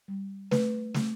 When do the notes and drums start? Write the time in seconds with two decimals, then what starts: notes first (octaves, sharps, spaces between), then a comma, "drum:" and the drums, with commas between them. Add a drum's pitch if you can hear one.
0.08 G3
0.51 A3 B4, drum: snare
0.94 A3, drum: snare